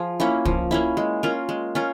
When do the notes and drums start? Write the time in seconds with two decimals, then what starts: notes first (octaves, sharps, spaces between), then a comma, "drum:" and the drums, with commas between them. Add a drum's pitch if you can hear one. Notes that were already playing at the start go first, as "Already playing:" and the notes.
Already playing: F3 G#4
0.20 A#3 C#4 E4
0.45 F3, drum: kick
0.71 A#3 C#4 E4
0.97 G#3
1.23 C#4 F4 A#4
1.49 G#3
1.75 C#4 F4 A#4